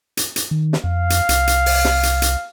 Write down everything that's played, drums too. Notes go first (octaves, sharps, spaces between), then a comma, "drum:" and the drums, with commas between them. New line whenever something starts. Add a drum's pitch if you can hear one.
drum: hi-hat
drum: hi-hat
D#3
drum: snare
F2 F5
drum: hi-hat
C2, drum: hi-hat
drum: hi-hat
drum: open hi-hat
drum: snare
drum: hi-hat
drum: hi-hat